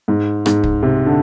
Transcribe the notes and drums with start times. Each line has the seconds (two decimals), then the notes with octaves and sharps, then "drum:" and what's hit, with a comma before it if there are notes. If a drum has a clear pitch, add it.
0.08 G#2
0.46 G#2, drum: rim click
0.63 drum: kick
0.83 C3
1.06 D3